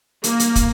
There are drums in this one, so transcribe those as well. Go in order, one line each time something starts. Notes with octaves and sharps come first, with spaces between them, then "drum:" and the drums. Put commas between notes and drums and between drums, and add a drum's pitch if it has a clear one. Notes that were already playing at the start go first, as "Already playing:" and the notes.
A#3, drum: hi-hat
drum: hi-hat
drum: kick, hi-hat